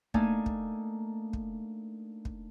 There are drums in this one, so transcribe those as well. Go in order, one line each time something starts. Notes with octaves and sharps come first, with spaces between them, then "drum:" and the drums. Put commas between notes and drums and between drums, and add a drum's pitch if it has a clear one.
A3 A#3 D4 D#4 G#5, drum: kick
drum: kick
drum: kick
drum: kick